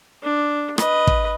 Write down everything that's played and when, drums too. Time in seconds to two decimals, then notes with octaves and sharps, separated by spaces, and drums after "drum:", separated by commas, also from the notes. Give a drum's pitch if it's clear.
0.23 D4
0.78 B4 D#5, drum: rim click
1.07 drum: kick